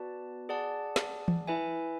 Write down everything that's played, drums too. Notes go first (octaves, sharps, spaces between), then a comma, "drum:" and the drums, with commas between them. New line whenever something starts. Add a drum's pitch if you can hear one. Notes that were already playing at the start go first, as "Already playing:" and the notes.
Already playing: B3 F#4 B4 D5 A5
G#4 D5 F#5 A5
drum: snare
drum: tom E3
E4 B4 E5 G#5